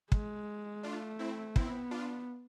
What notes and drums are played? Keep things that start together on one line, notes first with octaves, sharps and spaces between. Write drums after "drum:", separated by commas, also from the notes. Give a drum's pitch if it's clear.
G#3, drum: kick
A3 D4 F4
C4 E4
B3 C4 E4, drum: kick
D4 F4